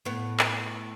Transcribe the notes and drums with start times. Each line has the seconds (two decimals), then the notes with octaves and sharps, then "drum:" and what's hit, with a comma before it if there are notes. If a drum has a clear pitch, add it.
0.05 A2 B3
0.39 drum: clap